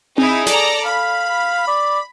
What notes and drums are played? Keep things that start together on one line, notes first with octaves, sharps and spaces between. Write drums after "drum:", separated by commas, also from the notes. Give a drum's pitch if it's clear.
D#4 E4 G#4, drum: tom C4
A4 D5 A#5, drum: snare
F5 B5
D5